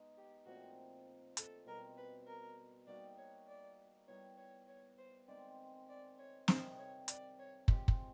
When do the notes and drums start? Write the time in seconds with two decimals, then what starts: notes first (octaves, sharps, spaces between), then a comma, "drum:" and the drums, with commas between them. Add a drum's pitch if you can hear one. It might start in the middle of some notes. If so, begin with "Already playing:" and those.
Already playing: G#3 B3 D#4
0.16 G4
0.46 A#2 F3 A3 C4 F#4
1.37 A4, drum: hi-hat
1.66 B2 G3 C4 A#4
1.97 B4
2.26 A#4
2.86 G3 A#3 D#4 F#4 D5
3.17 C#5
3.47 D5
4.07 G3 B3 E4 C#5
4.37 C#5
4.67 C#5
4.98 C5
5.28 D#3 G#3 C4 D5
5.88 D5
6.18 C#5
6.48 C3 D#3 G3 C5, drum: snare
6.78 C#5
7.08 D5, drum: hi-hat
7.39 C#5
7.68 G#3 C4 F4 G4 G#4, drum: kick
7.88 drum: kick